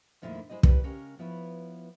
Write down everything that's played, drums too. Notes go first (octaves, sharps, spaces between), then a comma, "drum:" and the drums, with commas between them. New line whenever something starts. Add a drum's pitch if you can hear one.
F2 A#2 D3 D#3 A3 E4
G#3 E4 G#4 C5 D#5
E4 G4 A4 B4 D5, drum: kick
C#3 G#3 C#4 G4 A#4
F3 B3 E4 B4 C#5